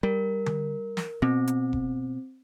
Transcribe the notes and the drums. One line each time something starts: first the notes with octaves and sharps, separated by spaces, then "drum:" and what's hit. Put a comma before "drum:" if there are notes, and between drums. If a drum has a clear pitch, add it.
G3 A#4
drum: tom D3
drum: snare
B2 C4
drum: hi-hat
drum: kick E1